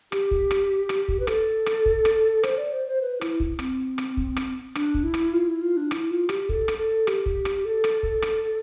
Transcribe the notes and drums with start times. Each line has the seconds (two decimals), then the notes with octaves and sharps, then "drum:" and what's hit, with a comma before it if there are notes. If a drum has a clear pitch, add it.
0.12 G4, drum: rim click
0.31 drum: kick
0.51 drum: rim click
0.89 drum: rim click
1.08 drum: kick
1.20 B4
1.27 A4, drum: rim click
1.66 drum: rim click
1.86 drum: kick
2.05 drum: rim click
2.43 C5, drum: rim click
2.58 D5
2.73 C5
2.88 C5
3.01 B4
3.21 E4, drum: rim click
3.40 drum: kick
3.59 C4, drum: rim click
3.98 drum: rim click
4.17 drum: kick
4.36 drum: rim click
4.75 D4, drum: rim click
4.94 drum: kick
5.03 E4
5.14 drum: rim click
5.33 F4
5.48 E4
5.61 F4
5.77 D4
5.91 E4, drum: rim click
6.11 F4
6.29 G4, drum: rim click
6.49 A4, drum: kick
6.68 drum: rim click
6.78 A4
7.07 G4, drum: rim click
7.26 drum: kick
7.45 drum: rim click
7.65 A4
7.84 drum: rim click
8.03 drum: kick
8.22 drum: rim click